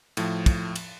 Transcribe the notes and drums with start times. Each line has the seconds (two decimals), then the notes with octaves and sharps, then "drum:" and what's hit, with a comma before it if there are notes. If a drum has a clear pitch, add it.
0.17 A2 F3, drum: cymbal
0.46 drum: kick, cymbal
0.76 drum: cymbal